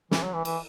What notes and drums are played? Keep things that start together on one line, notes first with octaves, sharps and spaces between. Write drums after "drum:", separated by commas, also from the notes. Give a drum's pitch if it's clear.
E3, drum: snare
F#3
E3
E3, drum: cymbal